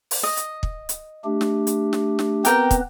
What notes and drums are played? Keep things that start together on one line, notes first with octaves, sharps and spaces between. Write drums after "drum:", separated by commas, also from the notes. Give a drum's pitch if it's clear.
drum: open hi-hat
D#5
drum: hi-hat
drum: kick
drum: hi-hat
A3 D4 G4
drum: snare
drum: hi-hat
drum: snare
drum: snare
B3 C4 G4 A#4 B4 G5, drum: hi-hat
drum: kick, hi-hat